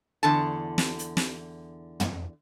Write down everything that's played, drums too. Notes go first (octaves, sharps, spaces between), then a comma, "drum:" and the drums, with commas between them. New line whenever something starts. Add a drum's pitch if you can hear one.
E2 D3 A5
drum: snare
drum: hi-hat
drum: snare
drum: tom